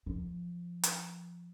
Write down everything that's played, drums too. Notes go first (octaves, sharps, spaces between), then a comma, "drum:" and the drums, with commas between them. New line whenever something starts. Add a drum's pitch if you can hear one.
F3
drum: hi-hat